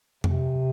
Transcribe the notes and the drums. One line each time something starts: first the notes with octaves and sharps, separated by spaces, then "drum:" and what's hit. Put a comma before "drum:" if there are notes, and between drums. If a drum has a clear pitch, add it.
C3, drum: tom F2